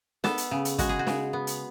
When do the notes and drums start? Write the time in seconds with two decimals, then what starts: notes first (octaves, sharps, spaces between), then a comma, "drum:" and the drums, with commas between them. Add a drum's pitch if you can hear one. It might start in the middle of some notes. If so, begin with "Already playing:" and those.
0.24 B3 A4, drum: snare
0.38 drum: hi-hat
0.51 C#3
0.65 drum: hi-hat
0.78 G#3 F#4, drum: kick, hi-hat
0.89 G#4
0.99 F#4
1.07 C#3, drum: snare
1.33 B3
1.47 drum: hi-hat